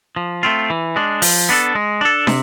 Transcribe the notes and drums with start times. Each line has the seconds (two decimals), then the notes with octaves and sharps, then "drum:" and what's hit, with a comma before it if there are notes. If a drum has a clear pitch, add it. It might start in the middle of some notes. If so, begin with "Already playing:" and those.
0.16 F3
0.43 A3 C4 F4
0.70 E3
0.96 G#3 D4
1.22 F3, drum: open hi-hat
1.49 B3 D4 F4 A4
1.75 G#3
2.01 D4 A4
2.27 C3, drum: snare